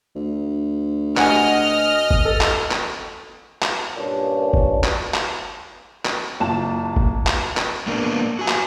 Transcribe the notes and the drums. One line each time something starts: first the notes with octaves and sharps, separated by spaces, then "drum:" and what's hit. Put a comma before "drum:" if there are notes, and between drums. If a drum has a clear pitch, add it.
D2
D#5 F#5 G#5 F6, drum: clap
drum: kick G1
A4
drum: clap
drum: clap
drum: clap
G2 A#2 C#4 D4
drum: kick G1
drum: clap
drum: clap
drum: clap
F#1 A#2 A5 E7
drum: kick G1
drum: clap
drum: clap
A#3 B3 D4 A#4
F#4 G#5
drum: clap